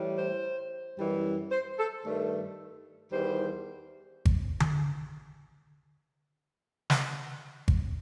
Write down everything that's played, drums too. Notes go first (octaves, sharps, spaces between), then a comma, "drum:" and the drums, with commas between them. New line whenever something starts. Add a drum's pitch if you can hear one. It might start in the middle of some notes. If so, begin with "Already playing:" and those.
Already playing: A2 E3 G3
C5
F#2 E3 G3
C5
A4
G2 D#3 A3
E2 D#3 G3 C5
drum: kick G#1
drum: tom D3
drum: snare
drum: kick G#1